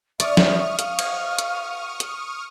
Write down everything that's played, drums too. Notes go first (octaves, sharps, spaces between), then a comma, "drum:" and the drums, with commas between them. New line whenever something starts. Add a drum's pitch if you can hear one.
D5 E5 C#6 D#6 F6, drum: hi-hat
drum: snare
F5, drum: hi-hat
drum: cymbal
drum: hi-hat
drum: hi-hat